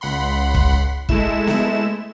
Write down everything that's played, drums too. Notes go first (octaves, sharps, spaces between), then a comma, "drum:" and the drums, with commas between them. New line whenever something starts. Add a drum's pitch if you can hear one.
C#2 F#5 B5 C6
drum: kick
G#3 A3 E4 E7, drum: kick
drum: snare B3